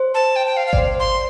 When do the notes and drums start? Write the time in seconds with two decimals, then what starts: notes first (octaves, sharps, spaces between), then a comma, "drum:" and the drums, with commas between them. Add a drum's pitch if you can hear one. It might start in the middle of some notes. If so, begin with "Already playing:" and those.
Already playing: C5
0.14 A5
0.36 G5
0.46 G5
0.57 F5
0.67 F5
0.73 D5, drum: kick G#1
0.78 C5
1.00 C6